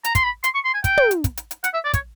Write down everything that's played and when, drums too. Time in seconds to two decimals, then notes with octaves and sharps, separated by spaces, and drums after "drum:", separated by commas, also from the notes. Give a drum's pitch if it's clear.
0.04 A#5, drum: hi-hat
0.15 C6, drum: kick, hi-hat
0.24 B5
0.44 C6, drum: hi-hat
0.54 C#6
0.64 C6
0.74 G#5
0.84 G5, drum: kick, hi-hat
0.97 drum: tom
1.11 drum: hi-hat
1.24 drum: kick, hi-hat
1.37 drum: hi-hat
1.51 drum: hi-hat
1.64 F#5, drum: hi-hat
1.74 E5
1.84 D5
1.94 C#5, drum: kick, hi-hat